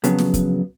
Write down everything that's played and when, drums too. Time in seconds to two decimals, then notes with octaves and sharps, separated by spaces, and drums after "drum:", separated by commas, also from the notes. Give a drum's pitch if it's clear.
0.04 F2 C#3 F#3 B3, drum: hi-hat
0.19 drum: snare
0.34 drum: kick, hi-hat